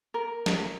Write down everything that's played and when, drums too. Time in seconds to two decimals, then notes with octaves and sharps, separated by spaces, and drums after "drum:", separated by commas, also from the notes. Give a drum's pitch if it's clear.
0.14 A#4
0.46 drum: snare